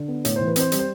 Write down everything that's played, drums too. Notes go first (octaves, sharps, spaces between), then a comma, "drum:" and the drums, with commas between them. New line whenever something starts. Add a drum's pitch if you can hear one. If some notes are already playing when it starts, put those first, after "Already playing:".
Already playing: D3
B3
A2 C#5, drum: hi-hat
E3 C5
B4
C4 C5, drum: hi-hat
G3, drum: hi-hat
C5